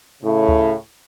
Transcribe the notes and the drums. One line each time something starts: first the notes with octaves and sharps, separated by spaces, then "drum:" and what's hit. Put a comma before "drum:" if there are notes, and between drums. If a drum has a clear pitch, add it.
A2 C#3
drum: kick D2